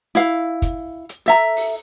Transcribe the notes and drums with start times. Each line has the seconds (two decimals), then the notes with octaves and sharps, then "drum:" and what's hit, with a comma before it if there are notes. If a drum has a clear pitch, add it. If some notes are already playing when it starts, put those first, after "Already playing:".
0.15 E4 F5, drum: hi-hat
0.62 drum: kick, hi-hat
1.09 drum: hi-hat
1.26 A4 E5 A#5
1.56 drum: open hi-hat